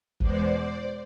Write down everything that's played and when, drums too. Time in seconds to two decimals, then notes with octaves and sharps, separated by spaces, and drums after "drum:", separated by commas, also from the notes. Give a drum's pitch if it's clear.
0.20 E2 B2 G#3 B3 C5 D5, drum: kick